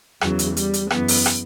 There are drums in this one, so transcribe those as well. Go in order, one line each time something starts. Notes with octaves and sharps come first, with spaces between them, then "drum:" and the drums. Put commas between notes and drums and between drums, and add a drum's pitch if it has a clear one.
E2 C#3 E3 F#3, drum: rim click
drum: hi-hat
G3, drum: hi-hat
drum: hi-hat
F#2 C#3 E3 B3, drum: rim click
drum: open hi-hat
drum: rim click